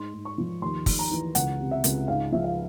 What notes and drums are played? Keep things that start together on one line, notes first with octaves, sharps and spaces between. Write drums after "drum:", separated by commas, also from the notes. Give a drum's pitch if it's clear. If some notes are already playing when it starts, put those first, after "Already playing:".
Already playing: G#2 C6
G#2
C#6
F3
D#2 C6
D#2, drum: kick, open hi-hat
A#5
E3
C#2 F#5, drum: hi-hat
C3
E5
C#2, drum: hi-hat
G#2 F5
F3 E5
F5